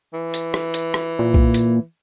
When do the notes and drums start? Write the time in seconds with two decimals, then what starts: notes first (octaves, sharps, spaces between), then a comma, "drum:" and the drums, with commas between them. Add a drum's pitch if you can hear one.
0.14 E3
0.34 drum: hi-hat
0.54 drum: rim click
0.74 drum: hi-hat
0.94 drum: rim click
1.19 A#2
1.34 drum: kick B1
1.54 drum: hi-hat